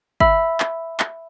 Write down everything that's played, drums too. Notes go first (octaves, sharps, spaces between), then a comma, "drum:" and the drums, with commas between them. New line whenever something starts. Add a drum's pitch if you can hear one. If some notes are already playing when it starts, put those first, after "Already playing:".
E5 B5 E6, drum: kick
drum: clap
drum: clap